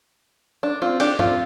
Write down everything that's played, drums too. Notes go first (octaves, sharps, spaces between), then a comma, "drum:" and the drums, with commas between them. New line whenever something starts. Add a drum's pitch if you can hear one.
D4
C4 F4
D4 G4, drum: cymbal
C4 F4, drum: tom G2